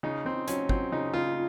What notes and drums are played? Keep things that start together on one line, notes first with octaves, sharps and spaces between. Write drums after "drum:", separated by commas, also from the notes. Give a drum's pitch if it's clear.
C#3 D#4
C#3 C4
F#3 C#4, drum: hi-hat
F#3 C4, drum: kick
C#3 D#4
C#3 F4